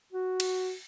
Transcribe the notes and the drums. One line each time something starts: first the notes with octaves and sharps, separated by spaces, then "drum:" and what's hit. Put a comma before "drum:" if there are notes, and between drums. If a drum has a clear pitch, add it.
F#4
drum: cymbal